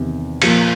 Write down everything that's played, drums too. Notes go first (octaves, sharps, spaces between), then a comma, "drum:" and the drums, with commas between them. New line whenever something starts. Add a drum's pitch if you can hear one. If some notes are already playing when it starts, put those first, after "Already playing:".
Already playing: E2 C3 D#3
A#2 F3 A#3, drum: cymbal